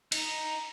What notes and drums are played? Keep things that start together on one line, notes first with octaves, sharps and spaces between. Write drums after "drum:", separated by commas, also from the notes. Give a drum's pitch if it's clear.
D#4, drum: cymbal